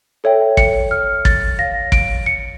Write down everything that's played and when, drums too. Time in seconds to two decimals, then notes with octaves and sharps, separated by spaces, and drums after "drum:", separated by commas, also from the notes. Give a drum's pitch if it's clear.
0.24 A4 C#5 E5 G5
0.57 C#7, drum: kick
0.91 F6
1.25 A6, drum: kick
1.59 C#5 F5 A#6
1.92 D7, drum: kick
2.26 C#7